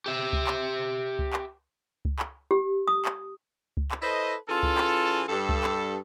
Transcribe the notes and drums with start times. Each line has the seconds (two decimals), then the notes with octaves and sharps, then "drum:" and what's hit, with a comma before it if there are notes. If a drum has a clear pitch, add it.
0.06 G4 E5
0.33 drum: kick C#2
0.47 drum: clap
1.19 drum: kick C#2
1.33 drum: clap
2.05 drum: kick C#2
2.19 drum: clap
2.51 G4
2.88 D#6
3.05 drum: clap
3.77 drum: kick C#2
3.91 drum: clap
4.02 E4 A4 B4 C5 D#5
4.49 E3 C#4 F4 G#4 A4
4.63 drum: kick C#2
4.77 drum: clap
5.29 G2 A4
5.49 drum: kick C#2
5.63 drum: clap